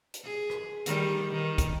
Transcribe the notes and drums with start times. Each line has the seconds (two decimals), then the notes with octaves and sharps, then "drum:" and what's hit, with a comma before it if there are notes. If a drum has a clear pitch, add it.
0.14 drum: hi-hat
0.23 G#4
0.50 drum: rim click
0.86 D#3 G3, drum: hi-hat
1.32 D#3
1.58 drum: kick, hi-hat